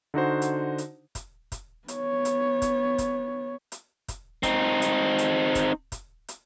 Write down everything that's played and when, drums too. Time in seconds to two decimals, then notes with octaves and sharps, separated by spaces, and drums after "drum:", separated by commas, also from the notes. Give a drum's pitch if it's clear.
0.14 D3 D#4 F#4 C5
0.42 drum: hi-hat
0.78 drum: hi-hat
1.15 drum: kick, hi-hat
1.52 drum: kick, hi-hat
1.88 B3 C#5, drum: hi-hat
2.25 drum: hi-hat
2.62 drum: kick, hi-hat
2.98 drum: kick, hi-hat
3.72 drum: hi-hat
4.08 drum: kick, hi-hat
4.43 C4 D#4, drum: kick, hi-hat
4.82 drum: hi-hat
5.18 drum: hi-hat
5.55 drum: kick, hi-hat
5.92 drum: kick, hi-hat
6.28 drum: hi-hat